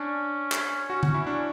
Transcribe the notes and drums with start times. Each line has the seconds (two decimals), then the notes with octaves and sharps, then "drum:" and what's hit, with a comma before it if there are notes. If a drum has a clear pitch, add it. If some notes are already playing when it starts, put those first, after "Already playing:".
Already playing: C#4 D4
0.52 drum: clap
0.90 F#4
1.03 F#4, drum: tom D3
1.14 E4
1.27 D4